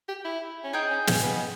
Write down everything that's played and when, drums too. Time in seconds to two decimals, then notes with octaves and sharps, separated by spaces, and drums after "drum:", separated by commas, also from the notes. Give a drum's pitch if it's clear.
0.09 G4
0.25 E4
0.64 C#4
0.73 D#4 G#4 D#5 G5
0.91 C#4
1.07 C#4, drum: snare
1.23 B3